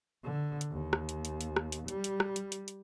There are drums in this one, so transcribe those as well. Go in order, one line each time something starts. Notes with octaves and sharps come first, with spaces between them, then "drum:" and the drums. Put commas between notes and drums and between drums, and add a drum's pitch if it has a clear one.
D3
drum: hi-hat
D#2
drum: rim click
drum: hi-hat
drum: hi-hat
drum: hi-hat
drum: rim click
drum: hi-hat
G3, drum: hi-hat
drum: hi-hat
drum: rim click
drum: hi-hat
drum: hi-hat
drum: hi-hat